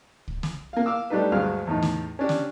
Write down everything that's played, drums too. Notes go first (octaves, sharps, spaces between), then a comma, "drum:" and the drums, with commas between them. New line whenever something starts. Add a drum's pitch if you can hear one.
drum: kick
drum: snare
A#3 F5
F5 D6 E6
G3 A3 D4 D#4 B4
D2 G2 F#3 G#3 F5 F6
E2 A2 D#4
drum: snare
C#4 D4 G4
drum: snare